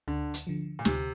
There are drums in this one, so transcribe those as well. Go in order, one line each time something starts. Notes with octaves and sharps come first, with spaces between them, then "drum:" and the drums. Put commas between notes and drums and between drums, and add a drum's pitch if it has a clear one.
D2 D3
drum: hi-hat
D3 F3
A#2
D2 C3, drum: snare